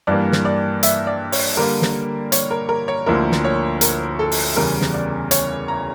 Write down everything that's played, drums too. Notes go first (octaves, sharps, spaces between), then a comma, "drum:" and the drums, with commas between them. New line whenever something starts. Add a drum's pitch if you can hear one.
G2 E3 G3 A#3 D5
drum: snare
D5
E5, drum: hi-hat
D5
C#5, drum: open hi-hat
D3 G3 A#3 A#4
drum: snare
C#5, drum: hi-hat
A#4
A#4
C#5
D2 D3 F3 A#3 E4 A#4
drum: snare
C#5
A#4, drum: hi-hat
A4
drum: open hi-hat
E2 C#3 G3 A#4
drum: snare
D5
C#5, drum: hi-hat
A#5